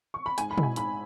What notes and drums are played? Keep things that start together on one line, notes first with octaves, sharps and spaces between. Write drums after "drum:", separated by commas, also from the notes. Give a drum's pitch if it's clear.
C#6
B5
G#2 G#5, drum: hi-hat
B5
G#3 E4, drum: tom
G#5
G#2 B5, drum: hi-hat